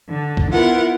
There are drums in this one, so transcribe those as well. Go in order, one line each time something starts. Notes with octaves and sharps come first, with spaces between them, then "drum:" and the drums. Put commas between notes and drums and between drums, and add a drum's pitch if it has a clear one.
D3 D4
drum: kick
B3 E4 F4 A#4 F#5